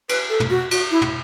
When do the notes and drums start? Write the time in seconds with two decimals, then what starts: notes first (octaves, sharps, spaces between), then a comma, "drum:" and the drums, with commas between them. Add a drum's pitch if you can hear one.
0.09 B4, drum: cymbal
0.30 A4
0.40 drum: tom
0.50 F#4
0.71 F#4, drum: cymbal
0.91 E4
1.02 drum: tom